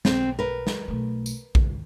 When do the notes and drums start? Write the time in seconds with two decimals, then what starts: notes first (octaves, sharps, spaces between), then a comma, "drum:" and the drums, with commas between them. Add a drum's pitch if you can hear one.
0.05 B1 C4, drum: snare
0.39 A#4 B4
0.67 drum: snare
0.88 B1 A3
1.26 drum: tambourine
1.55 G#2 C#3, drum: kick A#1